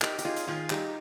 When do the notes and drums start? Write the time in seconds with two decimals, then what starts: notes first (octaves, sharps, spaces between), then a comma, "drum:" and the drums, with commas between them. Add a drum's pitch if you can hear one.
0.02 D#4 G4 A#4, drum: clap
0.19 G4, drum: hi-hat
0.25 D#4 F4 G#4
0.36 drum: hi-hat
0.47 D#3 F4 G#4
0.70 G3 D#4 G4, drum: clap